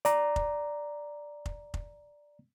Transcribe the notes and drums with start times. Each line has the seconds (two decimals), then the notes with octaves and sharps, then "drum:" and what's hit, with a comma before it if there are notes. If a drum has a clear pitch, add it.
0.05 D5 A#5, drum: hi-hat
0.36 drum: kick F1
1.46 drum: kick F1
1.74 drum: kick F1